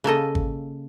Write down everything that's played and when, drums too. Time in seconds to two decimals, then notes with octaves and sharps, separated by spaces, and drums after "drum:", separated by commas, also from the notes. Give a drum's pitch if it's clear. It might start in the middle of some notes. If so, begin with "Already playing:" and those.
0.04 C#3 A#3 A4 D#5
0.35 drum: kick